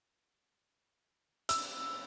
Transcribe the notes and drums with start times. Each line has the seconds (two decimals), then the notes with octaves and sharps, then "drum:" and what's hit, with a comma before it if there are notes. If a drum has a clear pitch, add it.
1.49 E6, drum: hi-hat